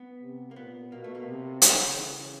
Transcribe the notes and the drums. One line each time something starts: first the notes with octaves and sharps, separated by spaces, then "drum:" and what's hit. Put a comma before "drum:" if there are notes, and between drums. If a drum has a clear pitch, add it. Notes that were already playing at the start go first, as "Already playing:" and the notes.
Already playing: B3
C3
A#3
A#2 B3
B2 A#3
A3
A#3
C3
C#3, drum: hi-hat
C#3 E3